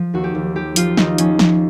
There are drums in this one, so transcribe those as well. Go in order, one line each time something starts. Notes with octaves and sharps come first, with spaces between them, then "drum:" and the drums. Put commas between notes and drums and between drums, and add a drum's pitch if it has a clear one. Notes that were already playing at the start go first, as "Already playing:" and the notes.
Already playing: F3
D#2 F#4
G4
D#2
F3 G4
F3 F4, drum: hi-hat
D#2 D#4, drum: snare
F3 C#4, drum: hi-hat
F3, drum: snare